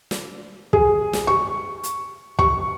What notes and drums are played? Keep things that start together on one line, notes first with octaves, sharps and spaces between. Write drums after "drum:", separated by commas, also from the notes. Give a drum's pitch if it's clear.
drum: snare
G#4, drum: kick
drum: snare
C#6
drum: hi-hat
C#6, drum: kick